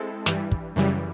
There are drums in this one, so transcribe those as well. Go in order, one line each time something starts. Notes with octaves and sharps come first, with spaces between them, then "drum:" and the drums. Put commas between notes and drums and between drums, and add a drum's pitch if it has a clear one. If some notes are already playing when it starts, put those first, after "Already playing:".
Already playing: G#3 C4 E4 A4
G2 E3 G3, drum: snare
drum: kick
F#2 C#3 E3 G3